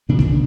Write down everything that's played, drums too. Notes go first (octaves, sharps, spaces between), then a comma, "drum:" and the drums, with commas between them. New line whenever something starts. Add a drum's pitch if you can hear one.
A#2 C#3 A#3 D4
D3, drum: kick B1
C#3